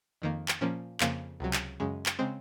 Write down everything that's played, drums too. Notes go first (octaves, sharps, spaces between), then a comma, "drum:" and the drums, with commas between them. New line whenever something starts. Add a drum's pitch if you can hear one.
F2 D#3 A#3
drum: clap
A#2 F3 A#3 C#4
F2 C#3 F3 A#3, drum: clap
C#2 C3 F#3
drum: clap
F#2 C#3 G#3
drum: clap
C#3 G#3 C4